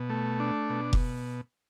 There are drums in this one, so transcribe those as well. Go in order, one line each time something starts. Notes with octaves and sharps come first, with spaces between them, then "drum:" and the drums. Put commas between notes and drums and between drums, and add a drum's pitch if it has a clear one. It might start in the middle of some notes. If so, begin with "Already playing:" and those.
Already playing: B2
A3
D4
B2
drum: kick F1